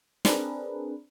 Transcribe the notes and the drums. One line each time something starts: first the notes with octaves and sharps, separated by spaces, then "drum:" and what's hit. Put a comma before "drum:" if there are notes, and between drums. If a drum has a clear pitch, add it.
C4 D4 G#4 A#4 B4, drum: snare